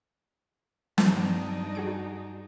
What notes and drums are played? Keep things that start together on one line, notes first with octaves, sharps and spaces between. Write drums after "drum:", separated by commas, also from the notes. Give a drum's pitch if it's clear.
G2 D4 D#4, drum: snare
F#4 G#4 D7